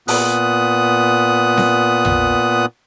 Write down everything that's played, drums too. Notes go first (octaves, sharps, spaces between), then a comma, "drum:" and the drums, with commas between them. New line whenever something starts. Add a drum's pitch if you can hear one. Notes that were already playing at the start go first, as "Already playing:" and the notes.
A#2 B3 D#6 F#6, drum: open hi-hat
drum: snare C4
drum: tom